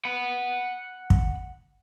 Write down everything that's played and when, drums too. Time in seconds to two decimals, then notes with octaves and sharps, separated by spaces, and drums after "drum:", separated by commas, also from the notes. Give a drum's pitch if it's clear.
0.05 F#5 B5
1.10 drum: kick